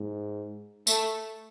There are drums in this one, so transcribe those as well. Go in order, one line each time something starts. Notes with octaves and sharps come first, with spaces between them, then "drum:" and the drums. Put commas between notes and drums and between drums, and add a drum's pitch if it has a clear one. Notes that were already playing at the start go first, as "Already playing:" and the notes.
Already playing: G#2
A3 A4, drum: tambourine